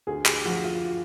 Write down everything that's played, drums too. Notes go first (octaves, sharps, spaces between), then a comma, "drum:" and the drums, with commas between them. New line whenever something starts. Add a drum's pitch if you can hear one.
D2 G#4
G4, drum: clap
F3 F#4
F4